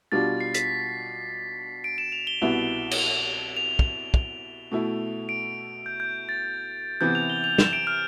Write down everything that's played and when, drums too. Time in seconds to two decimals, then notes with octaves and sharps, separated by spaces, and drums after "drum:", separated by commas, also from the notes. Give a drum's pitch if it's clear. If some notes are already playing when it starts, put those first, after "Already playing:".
0.12 B2 G3 D4 F4 A6
0.41 C7
0.54 B6, drum: hi-hat
1.84 D7
1.98 E7
2.12 F7
2.27 G7
2.42 C2 B2 B3 E4
2.91 G7, drum: cymbal
2.99 F7
3.57 F7
3.79 drum: kick
4.14 F7, drum: kick
4.71 B2 A3 E4
5.29 D7
5.86 G6
6.00 G6
6.29 A6
7.01 C3 E3 B3 G6
7.15 F7
7.30 G7
7.44 F7
7.58 E7, drum: snare
7.73 D7
7.87 F6